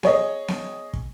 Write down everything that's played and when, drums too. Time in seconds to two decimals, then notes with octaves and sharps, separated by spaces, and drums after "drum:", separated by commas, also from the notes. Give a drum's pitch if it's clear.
0.03 G#4 C#5 D#5, drum: snare B3
0.48 drum: snare B3
0.93 drum: kick